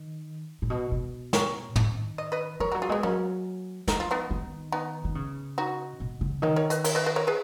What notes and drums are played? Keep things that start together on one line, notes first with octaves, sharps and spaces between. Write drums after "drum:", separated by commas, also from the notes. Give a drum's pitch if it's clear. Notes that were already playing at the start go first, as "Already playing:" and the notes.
Already playing: D#3
A#2
B2
B2
A#4 C#5, drum: snare
D#3, drum: tom
D#5
B4 D#5
F3 A#4 C#5
F#3 F#4 A#4
F4 G#4
G#3 B3
F#3 A#3 C#4
F3 D#4, drum: snare
F4
B3 D#4
D#3
B3 D#4
D#3
C#3
D#4 F#4
B2
C#3
D#3 A#4 C#5
A#4 C#5
B4 D#5, drum: hi-hat
A#4 C#5, drum: cymbal
B4 D#5
B4 D#5
A#4 C#5
G#4 B4